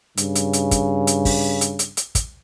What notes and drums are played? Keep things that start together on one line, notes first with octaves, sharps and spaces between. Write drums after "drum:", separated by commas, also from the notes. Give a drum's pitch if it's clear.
G2 C#3, drum: hi-hat
drum: hi-hat
drum: hi-hat
drum: kick, hi-hat
drum: hi-hat
drum: kick, open hi-hat
drum: hi-hat
drum: hi-hat
drum: hi-hat
drum: kick, hi-hat